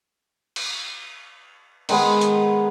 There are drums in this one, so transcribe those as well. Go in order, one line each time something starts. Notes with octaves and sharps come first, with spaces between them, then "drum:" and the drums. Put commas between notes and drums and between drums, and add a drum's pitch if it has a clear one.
drum: cymbal
D#3 G#3 B3, drum: cymbal
drum: hi-hat